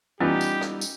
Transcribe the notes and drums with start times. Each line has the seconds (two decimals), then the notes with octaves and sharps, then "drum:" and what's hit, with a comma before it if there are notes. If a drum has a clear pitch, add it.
0.20 E3 G3 B3 C#4 D#4 F4 G4
0.41 drum: tambourine
0.61 drum: rim click
0.81 drum: tambourine